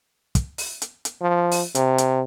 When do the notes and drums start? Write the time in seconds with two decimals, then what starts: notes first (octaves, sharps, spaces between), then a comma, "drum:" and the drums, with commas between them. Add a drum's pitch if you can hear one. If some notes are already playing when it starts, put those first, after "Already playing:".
0.35 drum: kick, hi-hat
0.58 drum: open hi-hat
0.82 drum: hi-hat
1.05 drum: hi-hat
1.21 F3
1.52 drum: open hi-hat
1.75 C3, drum: hi-hat
1.98 drum: hi-hat